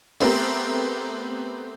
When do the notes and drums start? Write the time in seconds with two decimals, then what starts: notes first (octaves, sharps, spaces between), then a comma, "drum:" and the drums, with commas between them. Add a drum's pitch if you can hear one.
0.20 A3 B3 C4 G4 A#4, drum: open hi-hat